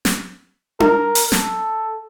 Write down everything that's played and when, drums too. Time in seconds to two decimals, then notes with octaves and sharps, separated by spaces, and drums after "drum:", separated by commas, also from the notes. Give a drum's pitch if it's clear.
0.05 drum: snare
0.80 A#4, drum: tom D4
1.15 drum: open hi-hat
1.32 A4, drum: snare